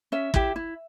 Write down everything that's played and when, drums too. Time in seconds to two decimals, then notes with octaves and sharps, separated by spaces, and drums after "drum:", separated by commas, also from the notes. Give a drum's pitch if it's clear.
0.12 C#4 E5
0.34 E4 G4, drum: kick
0.56 E4